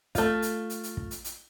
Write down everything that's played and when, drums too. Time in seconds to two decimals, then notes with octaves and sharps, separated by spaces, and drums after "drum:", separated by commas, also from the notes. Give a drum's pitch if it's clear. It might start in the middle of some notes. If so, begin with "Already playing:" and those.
0.15 A3 F4, drum: kick, hi-hat
0.42 drum: hi-hat
0.70 drum: hi-hat
0.83 drum: hi-hat
0.97 drum: kick
1.11 drum: hi-hat
1.24 drum: hi-hat